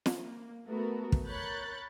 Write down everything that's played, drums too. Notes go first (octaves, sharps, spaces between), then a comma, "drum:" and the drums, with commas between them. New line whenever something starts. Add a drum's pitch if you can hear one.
drum: snare
A#3
A3 B3 F#4 A4 A#4
drum: kick
A#4 C#5 B5 F#6 G6 A6